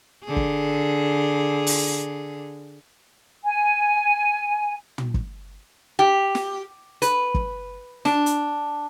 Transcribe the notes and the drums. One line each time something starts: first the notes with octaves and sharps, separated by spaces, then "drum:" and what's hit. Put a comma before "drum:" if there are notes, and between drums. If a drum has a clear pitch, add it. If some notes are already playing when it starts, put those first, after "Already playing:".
D3 G#4
drum: kick
drum: open hi-hat
G#5
drum: tom
drum: kick
G4
drum: snare
B4, drum: hi-hat
drum: kick
D4, drum: snare
drum: hi-hat